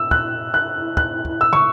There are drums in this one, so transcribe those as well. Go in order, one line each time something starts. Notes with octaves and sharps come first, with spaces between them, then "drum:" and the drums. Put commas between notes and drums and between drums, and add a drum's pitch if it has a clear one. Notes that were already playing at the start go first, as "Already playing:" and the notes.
Already playing: E6
F#6, drum: kick
F#6
F#6, drum: kick
drum: kick
E6
C#6, drum: tom